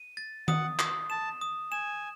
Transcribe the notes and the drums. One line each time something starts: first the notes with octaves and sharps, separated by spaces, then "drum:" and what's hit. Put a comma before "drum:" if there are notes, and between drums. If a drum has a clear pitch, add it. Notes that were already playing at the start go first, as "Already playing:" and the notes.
Already playing: D#7
A6
F#5 D#6, drum: tom D#3
D#6, drum: clap
A5 E7
D#6
G#5 E7